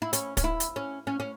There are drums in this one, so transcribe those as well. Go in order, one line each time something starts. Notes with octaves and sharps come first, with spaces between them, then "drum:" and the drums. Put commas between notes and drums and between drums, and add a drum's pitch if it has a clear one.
E4
C#4, drum: hi-hat
C#4, drum: kick, hi-hat
E4
drum: hi-hat
C#4
C#4
C#4